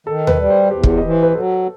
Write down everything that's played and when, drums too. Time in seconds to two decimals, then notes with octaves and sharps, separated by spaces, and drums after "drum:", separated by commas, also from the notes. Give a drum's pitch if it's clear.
0.07 D#3 A4
0.27 B4, drum: tom D#2
0.38 G3
0.50 C5
0.71 E2 G4
0.83 drum: kick
0.98 D#5
1.04 E3
1.10 C5
1.23 B4
1.35 F#3 A4